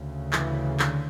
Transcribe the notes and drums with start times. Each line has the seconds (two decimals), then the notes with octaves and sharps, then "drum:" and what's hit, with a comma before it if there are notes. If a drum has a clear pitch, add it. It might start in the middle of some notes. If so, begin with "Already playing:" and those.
Already playing: D2 C#3
0.33 E3, drum: clap
0.80 D3, drum: clap